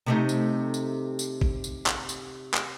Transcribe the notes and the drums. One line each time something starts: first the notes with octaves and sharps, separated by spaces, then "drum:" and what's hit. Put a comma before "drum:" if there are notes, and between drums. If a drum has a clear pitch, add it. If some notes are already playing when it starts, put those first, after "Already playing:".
C3 A3 D#4
drum: tambourine
drum: tambourine
drum: tambourine
drum: kick G#1
drum: tambourine
drum: clap
drum: tambourine
drum: clap